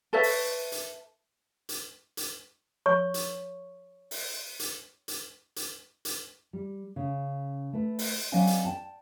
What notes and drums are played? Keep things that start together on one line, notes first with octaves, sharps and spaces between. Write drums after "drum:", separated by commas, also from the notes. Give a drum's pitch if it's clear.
A4 B4 C#5 E5
drum: open hi-hat
drum: hi-hat
drum: hi-hat
drum: hi-hat
C#5 C#6
drum: hi-hat
drum: open hi-hat
drum: hi-hat
drum: hi-hat
drum: hi-hat
drum: hi-hat
G3
C#3
A3 B4
drum: open hi-hat
F#3 C4 D5 D#5 F5 G#5
drum: hi-hat
G5 A5